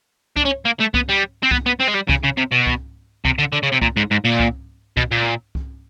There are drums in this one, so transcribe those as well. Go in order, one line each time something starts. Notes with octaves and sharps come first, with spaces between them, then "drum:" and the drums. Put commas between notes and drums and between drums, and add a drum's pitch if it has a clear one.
D4, drum: kick C2
C#4
A#3
A3
B3, drum: kick C2
G3
C4
B3, drum: kick C2
B3
C4
G#3
G3
C#3, drum: kick C2
C#3
C3
B2
drum: kick C2
C3, drum: kick C2
D3
D3
C#3
C3
A#2, drum: kick C2
G#2
G#2
A#2
drum: kick C2
B2, drum: kick C2
A#2
drum: kick C2